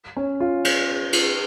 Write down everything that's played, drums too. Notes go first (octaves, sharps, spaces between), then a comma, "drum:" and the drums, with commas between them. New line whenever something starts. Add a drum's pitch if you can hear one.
C#4
F4
drum: cymbal
drum: cymbal